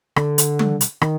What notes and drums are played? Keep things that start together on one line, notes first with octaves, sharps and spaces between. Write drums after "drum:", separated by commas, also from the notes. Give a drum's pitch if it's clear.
D3, drum: rim click
drum: hi-hat
drum: tom
drum: hi-hat
D#3, drum: rim click